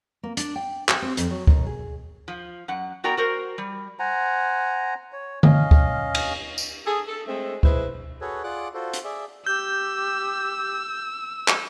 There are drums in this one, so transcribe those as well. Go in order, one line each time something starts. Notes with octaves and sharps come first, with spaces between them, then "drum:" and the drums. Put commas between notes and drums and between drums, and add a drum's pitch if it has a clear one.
A#3
D4, drum: hi-hat
G5
G4, drum: clap
C4
F2, drum: hi-hat
F#3
D#2, drum: kick D2
G#4
F3
F#2 F#5
B3 F#4 A#4 D5 G5 A#5
F#4 A#4 C5
G3
C5 F#5 G#5 A#5
C#5
C#4 D#5 F5, drum: tom D3
drum: kick D2
drum: cymbal
drum: tambourine
G#4 A4
A4
G#3 A3 C4
G#3 E4 B4 C5, drum: kick D2
F#4 G#4 A4 B4 C#5
F4 G#4 D5 F#5 D6 F#6
F4 F#4 A4 C5
drum: hi-hat
G#4 D5 E5
G4 E6 G6
drum: clap